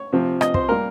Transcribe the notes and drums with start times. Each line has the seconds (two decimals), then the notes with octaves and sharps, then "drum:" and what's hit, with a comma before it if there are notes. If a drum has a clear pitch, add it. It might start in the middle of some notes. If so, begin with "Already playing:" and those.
Already playing: C#5
0.13 C3 F3 C4
0.41 D#5, drum: rim click
0.54 C5, drum: kick
0.69 G3 A#3 A#4